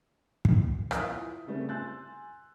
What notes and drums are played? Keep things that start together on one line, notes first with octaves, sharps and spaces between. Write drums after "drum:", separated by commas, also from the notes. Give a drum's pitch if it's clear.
drum: kick
F3 E4 F4 B4 D#6 B6, drum: rim click
C#3 G3 A3 B3 C4
G#5 C6 E6 F#6 G6 A6